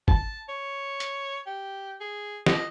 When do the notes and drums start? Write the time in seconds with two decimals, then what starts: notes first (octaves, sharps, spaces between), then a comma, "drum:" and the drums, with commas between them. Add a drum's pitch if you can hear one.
0.08 A5, drum: kick
0.49 C#5
1.00 drum: hi-hat
1.46 G4
2.00 G#4
2.46 D#5, drum: snare